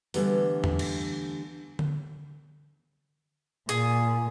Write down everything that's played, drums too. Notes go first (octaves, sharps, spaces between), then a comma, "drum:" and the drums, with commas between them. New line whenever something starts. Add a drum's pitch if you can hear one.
D3 E3 G3 A3 B3, drum: open hi-hat
drum: tom E2
drum: cymbal
drum: tom D3
A#2 G#4, drum: hi-hat